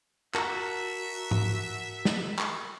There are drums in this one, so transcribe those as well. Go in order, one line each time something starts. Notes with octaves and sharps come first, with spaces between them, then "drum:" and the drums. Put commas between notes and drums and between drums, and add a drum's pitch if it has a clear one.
F#4 A#4 E5 A5 A#5, drum: clap
drum: tom G#2
drum: snare
drum: clap